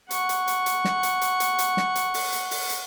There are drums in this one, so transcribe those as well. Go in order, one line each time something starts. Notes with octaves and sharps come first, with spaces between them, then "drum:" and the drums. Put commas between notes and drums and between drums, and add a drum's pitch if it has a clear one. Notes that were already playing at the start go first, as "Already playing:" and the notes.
F#5 C#6, drum: hi-hat
drum: hi-hat
drum: hi-hat
drum: hi-hat
drum: snare
drum: hi-hat
drum: hi-hat
drum: hi-hat
drum: hi-hat
drum: snare
drum: hi-hat
drum: open hi-hat
drum: hi-hat
drum: open hi-hat
drum: hi-hat